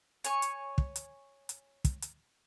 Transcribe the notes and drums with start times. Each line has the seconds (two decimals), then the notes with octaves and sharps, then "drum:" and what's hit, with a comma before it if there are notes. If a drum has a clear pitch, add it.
0.24 C#5 G#5 C#6, drum: hi-hat
0.42 drum: hi-hat
0.78 drum: kick
0.96 drum: hi-hat
1.49 drum: hi-hat
1.85 drum: kick, hi-hat
2.02 drum: hi-hat